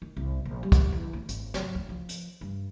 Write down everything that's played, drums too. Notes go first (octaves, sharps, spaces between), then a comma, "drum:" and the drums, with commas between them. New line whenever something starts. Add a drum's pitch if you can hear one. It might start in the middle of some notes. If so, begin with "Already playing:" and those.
D#3
C2
A#1
G3
drum: kick, hi-hat
E2
D2
G#1, drum: hi-hat
F#3, drum: snare
D2
F3
drum: hi-hat
G2